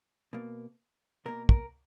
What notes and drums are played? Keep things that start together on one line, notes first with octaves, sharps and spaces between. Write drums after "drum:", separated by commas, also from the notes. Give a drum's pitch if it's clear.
B2 A#3
B2 A#3 A#4
A#4, drum: kick